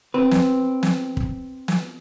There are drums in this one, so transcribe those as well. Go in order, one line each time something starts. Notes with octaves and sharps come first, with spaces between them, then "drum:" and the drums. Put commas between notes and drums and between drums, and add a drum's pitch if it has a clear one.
C4 B4
drum: snare
drum: snare
drum: kick
drum: snare